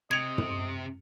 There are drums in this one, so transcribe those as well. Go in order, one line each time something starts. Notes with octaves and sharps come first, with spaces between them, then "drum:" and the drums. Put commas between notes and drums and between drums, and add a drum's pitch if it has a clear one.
C3 D#5 G#6 C#7 F7
drum: tom